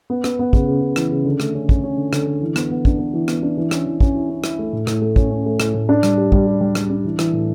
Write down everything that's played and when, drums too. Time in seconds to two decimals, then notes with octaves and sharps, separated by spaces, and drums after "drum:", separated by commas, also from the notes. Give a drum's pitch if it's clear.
0.10 B3
0.24 B3, drum: rim click
0.39 B3
0.53 C#3, drum: kick
0.68 C#3
0.82 C#3
0.96 E3, drum: rim click
1.11 C#3
1.25 D3
1.40 A3, drum: rim click
1.55 C#4
1.69 C#4, drum: kick
1.84 C#4
1.97 D3
2.13 D3, drum: rim click
2.27 D3
2.42 E3
2.56 B3, drum: rim click
2.70 B3
2.85 D4, drum: kick
2.99 B3
3.14 E3
3.28 B3, drum: rim click
3.43 D4
3.57 E3
3.71 C#4, drum: rim click
3.86 E3
4.01 C#4, drum: kick
4.15 E4
4.29 C#4
4.44 E4, drum: rim click
4.59 A3
4.73 A2
4.87 A2, drum: rim click
5.02 A3
5.16 C#4, drum: kick
5.31 C#4
5.46 A3
5.60 A2, drum: rim click
5.74 A2
5.89 D4
6.03 G3, drum: rim click
6.17 G4
6.32 G3, drum: kick
6.47 G4
6.61 G3
6.75 G3, drum: rim click
6.90 D4
7.05 E3
7.19 E3, drum: rim click
7.33 A2